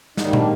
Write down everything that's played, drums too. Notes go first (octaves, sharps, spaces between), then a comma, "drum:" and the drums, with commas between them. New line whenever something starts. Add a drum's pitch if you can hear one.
G#2 D#3 G3 A#3 D#4, drum: snare
D4, drum: tom